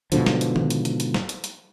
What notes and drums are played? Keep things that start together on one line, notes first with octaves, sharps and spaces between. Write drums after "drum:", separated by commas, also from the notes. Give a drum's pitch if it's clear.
G#2 B2 D3 F3, drum: hi-hat
drum: snare
drum: hi-hat
drum: tom D#3
drum: hi-hat
drum: hi-hat
drum: hi-hat
drum: snare
drum: hi-hat
drum: hi-hat